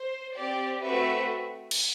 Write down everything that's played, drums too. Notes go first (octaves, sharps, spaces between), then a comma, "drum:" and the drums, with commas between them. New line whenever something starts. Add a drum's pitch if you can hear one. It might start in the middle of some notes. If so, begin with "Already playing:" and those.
Already playing: C5
C4 G4 D5
A3 C4 F#4 B4 E5
drum: cymbal